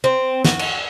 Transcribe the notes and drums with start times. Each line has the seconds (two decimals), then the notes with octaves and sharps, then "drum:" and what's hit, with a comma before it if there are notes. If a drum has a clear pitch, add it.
0.04 C4
0.45 F#4, drum: snare
0.59 drum: cymbal